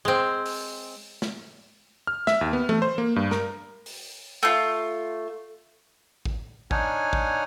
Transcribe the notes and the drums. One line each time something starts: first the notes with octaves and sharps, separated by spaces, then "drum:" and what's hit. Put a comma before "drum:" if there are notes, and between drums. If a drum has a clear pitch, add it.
G#3 C4
drum: open hi-hat
drum: snare
F6
E5, drum: snare
D#2
B3
A3, drum: tom E3
C5
A#3
G2
A#4, drum: snare
drum: open hi-hat
A3 F4
drum: kick A1
D4 D#4 C#5 F#5 G#5 F6, drum: kick A1
drum: kick A1